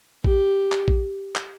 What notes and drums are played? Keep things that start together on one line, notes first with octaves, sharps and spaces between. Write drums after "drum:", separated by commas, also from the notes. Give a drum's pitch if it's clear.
G4, drum: kick A#1
drum: clap
drum: kick A#1
drum: clap